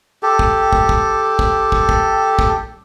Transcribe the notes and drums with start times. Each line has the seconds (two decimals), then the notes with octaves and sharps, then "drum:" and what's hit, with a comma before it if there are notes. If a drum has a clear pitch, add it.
0.23 G4 A4
0.39 drum: kick
0.73 drum: kick
0.89 drum: kick
1.39 drum: kick
1.72 drum: kick
1.89 drum: kick
2.39 drum: kick